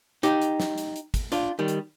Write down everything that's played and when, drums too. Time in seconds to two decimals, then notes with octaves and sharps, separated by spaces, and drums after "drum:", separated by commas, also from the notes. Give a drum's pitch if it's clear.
0.23 D#4 G4, drum: hi-hat
0.42 drum: hi-hat
0.60 drum: snare
0.78 drum: hi-hat
0.96 drum: hi-hat
1.14 drum: kick, hi-hat
1.32 D4 F4, drum: hi-hat
1.59 D#3 G3
1.68 drum: hi-hat